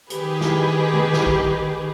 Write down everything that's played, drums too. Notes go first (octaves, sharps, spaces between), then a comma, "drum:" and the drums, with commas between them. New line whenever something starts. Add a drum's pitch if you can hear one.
D#3 G4 G#4 B4, drum: hi-hat
drum: snare
drum: tom
drum: snare
drum: kick